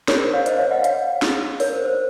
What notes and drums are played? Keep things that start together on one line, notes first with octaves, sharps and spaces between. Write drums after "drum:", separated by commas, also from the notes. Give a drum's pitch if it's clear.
A#4 C#5, drum: snare
C5
C#5 F5
C5 D#5, drum: hi-hat
C#5 F5
D#5 F#5
C#5 F5, drum: hi-hat
drum: snare
A#4 C#5, drum: open hi-hat
C5
C5